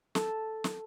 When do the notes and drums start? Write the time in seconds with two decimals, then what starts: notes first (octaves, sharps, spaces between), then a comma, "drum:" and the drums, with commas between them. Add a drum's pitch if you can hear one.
0.15 A4, drum: snare
0.64 drum: snare